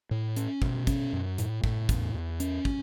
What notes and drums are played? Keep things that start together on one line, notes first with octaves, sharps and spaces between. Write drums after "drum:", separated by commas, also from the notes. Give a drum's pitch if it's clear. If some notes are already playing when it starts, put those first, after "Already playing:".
A2
C#4, drum: hi-hat
B2, drum: kick
C#4, drum: kick, hi-hat
F#2
A2, drum: hi-hat
A2, drum: kick
E2, drum: kick, hi-hat
E2
C#4, drum: hi-hat
drum: kick